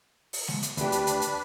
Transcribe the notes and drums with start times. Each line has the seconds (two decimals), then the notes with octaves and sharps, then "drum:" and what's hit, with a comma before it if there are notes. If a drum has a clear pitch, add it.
0.33 drum: open hi-hat
0.48 drum: snare G#3
0.63 drum: hi-hat
0.77 D2 D4 G4 B4, drum: hi-hat
0.92 drum: hi-hat
1.07 drum: hi-hat
1.22 drum: hi-hat